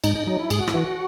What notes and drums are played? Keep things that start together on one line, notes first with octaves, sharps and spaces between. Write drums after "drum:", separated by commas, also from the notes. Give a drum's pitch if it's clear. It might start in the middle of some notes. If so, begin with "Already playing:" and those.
G#2 D#4, drum: cymbal
D#4
F#3 D#4
E4
G#2 G#4, drum: cymbal
F#4
E4, drum: rim click
E3 F#4